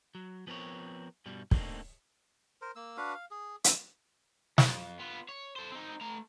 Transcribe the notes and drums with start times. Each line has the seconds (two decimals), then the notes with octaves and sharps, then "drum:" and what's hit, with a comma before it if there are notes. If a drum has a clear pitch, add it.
0.15 F#3
0.47 F3 B3 C4 A#4 C#5
1.26 G2 B2 G3
1.51 A3 A#3 C4 D4 D#4, drum: kick
2.61 A#4 C5
2.76 A#3 E6
2.97 D4 F#4 B4 F5
3.14 F5
3.31 G#4
3.64 E5, drum: hi-hat
4.58 F2, drum: snare
4.99 B3 F4
5.29 C#5
5.56 A4 C5
5.72 C4 D#4
6.01 A3 A#5